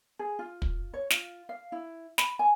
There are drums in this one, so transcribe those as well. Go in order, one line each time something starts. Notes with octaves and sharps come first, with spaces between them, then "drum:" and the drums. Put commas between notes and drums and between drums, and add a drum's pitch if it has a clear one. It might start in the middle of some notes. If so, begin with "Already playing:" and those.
G#4
F4
drum: kick
C#5
F4, drum: snare
F5
E4
B5, drum: snare
G#5